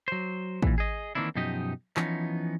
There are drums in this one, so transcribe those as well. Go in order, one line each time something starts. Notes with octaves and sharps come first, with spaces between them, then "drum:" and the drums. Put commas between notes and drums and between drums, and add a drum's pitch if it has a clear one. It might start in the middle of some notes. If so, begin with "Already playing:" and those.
F#3 C5
A#2 E3, drum: kick
G#4 D#5
D#3 E3 A#3 C4 D4 E4
F#2 B2 F3 D#4 G4 D#5
E3 F3 B3 C#4 D#4, drum: clap